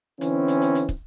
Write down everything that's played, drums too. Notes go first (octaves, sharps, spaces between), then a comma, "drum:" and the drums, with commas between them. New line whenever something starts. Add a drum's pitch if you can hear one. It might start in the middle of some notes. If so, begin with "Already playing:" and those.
D3 E3 C4 C#4, drum: hi-hat
drum: hi-hat
drum: hi-hat
drum: hi-hat
drum: kick